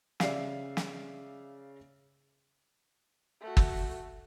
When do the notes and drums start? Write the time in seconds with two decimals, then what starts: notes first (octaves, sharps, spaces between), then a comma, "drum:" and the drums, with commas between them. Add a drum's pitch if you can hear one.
0.20 C#3 D5 E5 F5 C7, drum: snare
0.77 drum: snare
3.41 A3 F#4
3.57 drum: kick G1